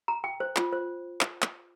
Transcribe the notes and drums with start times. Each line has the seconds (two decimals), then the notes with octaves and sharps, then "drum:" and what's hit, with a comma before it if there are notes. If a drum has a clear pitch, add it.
0.08 A#5
0.24 G5
0.40 C5
0.56 F4, drum: clap
0.73 C5
1.21 drum: clap
1.42 drum: clap